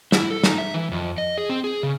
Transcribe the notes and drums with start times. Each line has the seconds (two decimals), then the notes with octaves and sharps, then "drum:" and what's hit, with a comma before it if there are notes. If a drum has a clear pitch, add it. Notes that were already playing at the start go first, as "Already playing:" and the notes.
0.12 E4, drum: snare
0.31 A4
0.44 D#4, drum: snare
0.58 E5
0.74 E3
0.91 F2
1.18 D#5
1.38 G#4
1.49 C4
1.64 G#4
1.83 C#3